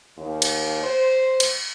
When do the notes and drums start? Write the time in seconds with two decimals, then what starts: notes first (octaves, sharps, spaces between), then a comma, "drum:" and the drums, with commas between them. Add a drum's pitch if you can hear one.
0.17 D#2
0.42 drum: cymbal
0.83 C5
1.40 drum: cymbal